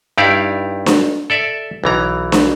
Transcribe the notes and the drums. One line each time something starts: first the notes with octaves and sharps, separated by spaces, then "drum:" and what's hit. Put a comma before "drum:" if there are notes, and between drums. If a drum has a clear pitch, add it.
G2 D#4 E4 G4 D5 F5
drum: snare D4
A4 D5 E5
B1 E3 A#5
drum: snare D4